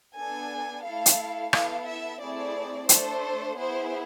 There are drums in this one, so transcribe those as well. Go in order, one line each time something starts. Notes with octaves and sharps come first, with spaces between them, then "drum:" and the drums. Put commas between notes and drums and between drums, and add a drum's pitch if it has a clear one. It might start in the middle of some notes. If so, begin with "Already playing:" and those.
B3 D4 A4 G#5
A3 E4 A4 F5
drum: hi-hat
B3 E4 A4 F5, drum: rim click
E5
A3 C4 E4 G#4 D5
A3 D4 A4 C5, drum: hi-hat
B3 E4 G#4 C5